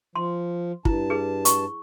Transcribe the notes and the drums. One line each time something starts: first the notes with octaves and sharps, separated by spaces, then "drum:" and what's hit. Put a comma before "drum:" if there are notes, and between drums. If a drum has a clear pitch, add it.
F3 C6
G2 E4 A5, drum: kick
G#4 B4
C#6, drum: hi-hat